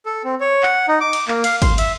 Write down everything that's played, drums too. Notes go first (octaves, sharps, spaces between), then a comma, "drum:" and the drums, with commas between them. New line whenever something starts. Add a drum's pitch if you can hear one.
A4
C4
C#5
F#5, drum: clap
D#4
D6
drum: cymbal
A#3, drum: clap
F5, drum: cymbal
C6, drum: kick, cymbal
E5, drum: cymbal